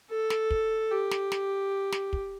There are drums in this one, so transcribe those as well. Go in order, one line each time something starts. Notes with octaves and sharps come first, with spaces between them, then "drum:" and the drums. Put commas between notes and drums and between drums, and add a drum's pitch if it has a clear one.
A4
drum: snare
drum: kick
G4
drum: snare
drum: snare
drum: snare
drum: kick